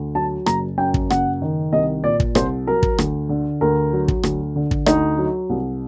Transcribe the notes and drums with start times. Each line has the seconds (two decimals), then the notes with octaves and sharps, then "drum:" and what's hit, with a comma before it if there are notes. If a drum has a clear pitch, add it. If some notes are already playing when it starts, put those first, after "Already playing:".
Already playing: D2
0.15 F#3 A5
0.46 F#1 A#5, drum: rim click
0.78 F#2 G5
0.94 drum: kick
1.10 F#1 F#5, drum: rim click
1.42 D#3
1.72 C2 D#5
2.04 A#2 D5
2.20 drum: kick
2.35 C2 C5, drum: rim click
2.67 F#3 A#4
2.83 drum: kick
2.98 D2, drum: rim click
3.29 D3
3.61 D2 A#4
3.93 F#3
4.08 drum: kick
4.23 D2, drum: rim click
4.56 D3
4.71 drum: kick
4.86 D2 D#4, drum: rim click
5.18 F#3
5.50 C2